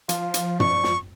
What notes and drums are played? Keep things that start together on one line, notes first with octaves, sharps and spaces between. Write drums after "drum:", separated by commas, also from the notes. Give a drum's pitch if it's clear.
F3 F4, drum: hi-hat
drum: hi-hat
D4 C#6, drum: tom
drum: snare